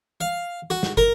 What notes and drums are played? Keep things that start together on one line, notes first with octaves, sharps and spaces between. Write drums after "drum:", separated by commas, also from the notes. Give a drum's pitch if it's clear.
F5
F#4
drum: snare
A#4, drum: kick